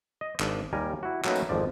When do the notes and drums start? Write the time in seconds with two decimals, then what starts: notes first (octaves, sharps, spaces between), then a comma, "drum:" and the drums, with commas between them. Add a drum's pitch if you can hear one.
0.21 D#5
0.40 G#1 D4, drum: clap
0.73 D#2 G3 A#4 G#5
1.03 E4 F#4
1.25 F#3 A3 A#3 C#4 D#4 B4, drum: clap
1.36 drum: tambourine
1.49 G#1 F2 F3 D5